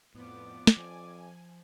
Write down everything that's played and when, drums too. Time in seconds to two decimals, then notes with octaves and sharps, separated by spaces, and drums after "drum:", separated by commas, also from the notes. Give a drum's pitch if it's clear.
0.15 F2 A2 F3 B3 D5 D6
0.67 drum: snare
0.77 F2 F3 G#5